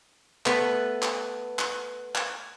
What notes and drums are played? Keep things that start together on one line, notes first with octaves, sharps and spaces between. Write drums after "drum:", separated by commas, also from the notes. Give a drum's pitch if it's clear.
A3 B3 B4, drum: clap
drum: clap
drum: clap
drum: clap